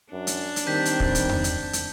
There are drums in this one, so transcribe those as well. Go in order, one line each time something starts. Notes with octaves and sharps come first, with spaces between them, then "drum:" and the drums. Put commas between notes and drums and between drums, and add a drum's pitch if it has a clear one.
F#2 D4
drum: hi-hat
drum: hi-hat
D#3 G3 C4 A5 G6 B6
drum: hi-hat
drum: kick
drum: hi-hat
drum: tom E2
drum: hi-hat
drum: hi-hat